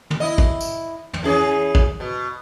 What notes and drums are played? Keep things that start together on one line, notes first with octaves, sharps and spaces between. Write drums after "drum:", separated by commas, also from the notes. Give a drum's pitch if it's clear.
drum: tom
E4 D#5
drum: kick
drum: tambourine
drum: tom
E3 C#4 G#4
drum: kick
B2